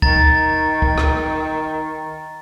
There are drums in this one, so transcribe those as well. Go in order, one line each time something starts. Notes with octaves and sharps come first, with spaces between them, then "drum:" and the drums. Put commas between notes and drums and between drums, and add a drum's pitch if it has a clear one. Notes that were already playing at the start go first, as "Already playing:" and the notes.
D#3 A#5 A6, drum: kick
drum: kick
drum: rim click